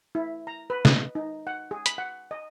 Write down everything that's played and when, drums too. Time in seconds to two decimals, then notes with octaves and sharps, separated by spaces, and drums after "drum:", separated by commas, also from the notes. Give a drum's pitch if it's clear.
0.15 E4
0.47 A#5
0.70 B4
0.85 D#5, drum: snare
1.15 D#4
1.47 F#5
1.71 G#4
1.86 B5, drum: hi-hat
1.98 F#5
2.31 D#5